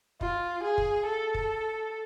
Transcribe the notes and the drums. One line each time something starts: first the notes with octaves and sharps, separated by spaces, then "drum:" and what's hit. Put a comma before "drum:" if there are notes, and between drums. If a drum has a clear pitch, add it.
F4, drum: kick
G#4
drum: kick
A4
drum: kick